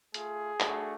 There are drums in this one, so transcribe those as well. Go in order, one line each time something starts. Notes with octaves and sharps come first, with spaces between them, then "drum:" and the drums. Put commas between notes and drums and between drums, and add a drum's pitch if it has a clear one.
A3 F4 G#4, drum: hi-hat
A3 D4 F#4, drum: clap